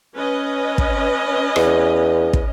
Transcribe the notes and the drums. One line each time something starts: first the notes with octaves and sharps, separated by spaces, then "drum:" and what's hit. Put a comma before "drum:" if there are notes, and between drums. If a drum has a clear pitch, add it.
C#4 B4 D#5
drum: kick
E2, drum: rim click
drum: kick